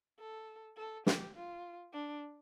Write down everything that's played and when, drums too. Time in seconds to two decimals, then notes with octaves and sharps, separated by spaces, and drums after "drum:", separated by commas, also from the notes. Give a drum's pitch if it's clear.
0.20 A4
0.77 A4
1.06 G4, drum: snare
1.36 F4
1.93 D4